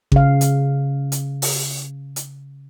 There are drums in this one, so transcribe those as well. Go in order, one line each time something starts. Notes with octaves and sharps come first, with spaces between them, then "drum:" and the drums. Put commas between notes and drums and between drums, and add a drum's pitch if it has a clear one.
C#3 F5, drum: kick G#1
drum: hi-hat
drum: hi-hat
drum: open hi-hat
drum: hi-hat